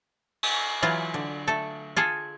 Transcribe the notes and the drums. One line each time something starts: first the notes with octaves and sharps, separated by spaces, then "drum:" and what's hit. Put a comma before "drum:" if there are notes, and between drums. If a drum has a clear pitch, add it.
drum: cymbal
E3 F#3 F4
D3
A3 A4
F4 G#4 A4